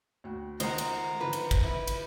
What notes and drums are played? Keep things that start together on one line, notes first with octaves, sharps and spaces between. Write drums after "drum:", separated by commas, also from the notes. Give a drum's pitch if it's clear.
D2 F#4 G5
C#2 D#3 C5 F#5 A#5, drum: cymbal
drum: cymbal
D3 D#3 F3 B4
drum: cymbal
drum: kick, cymbal
E4 B4
drum: cymbal